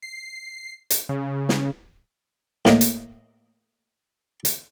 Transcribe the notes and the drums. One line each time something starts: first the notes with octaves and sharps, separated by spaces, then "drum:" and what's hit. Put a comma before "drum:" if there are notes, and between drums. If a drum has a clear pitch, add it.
C7
drum: hi-hat
C#3
drum: snare
A2 A#3 D#5, drum: snare
drum: hi-hat
drum: hi-hat